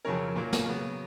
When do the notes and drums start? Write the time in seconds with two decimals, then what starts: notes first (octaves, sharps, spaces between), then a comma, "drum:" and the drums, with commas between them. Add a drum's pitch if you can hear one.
0.05 F2 C#3 F#3 C#4 A#4 C#5
0.35 A#2 F#3 A#3
0.53 drum: snare
0.65 C#3 F#3 B3